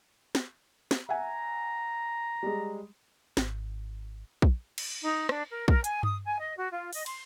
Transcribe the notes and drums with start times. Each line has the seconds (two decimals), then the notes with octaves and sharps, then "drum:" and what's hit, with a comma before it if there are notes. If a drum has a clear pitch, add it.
0.35 drum: snare
0.91 drum: snare
1.09 E5 F#5 G#5 A#5
2.43 G3 G#3
3.37 G#1, drum: snare
4.42 drum: kick
4.78 drum: cymbal
5.04 D#4
5.29 D4, drum: rim click
5.51 A#4
5.68 A#4, drum: kick
5.84 G#5, drum: hi-hat
6.03 D#6, drum: tom G2
6.25 G#5
6.40 D#5
6.57 F#4
6.71 F4
6.93 D#5, drum: open hi-hat
7.06 C6, drum: cymbal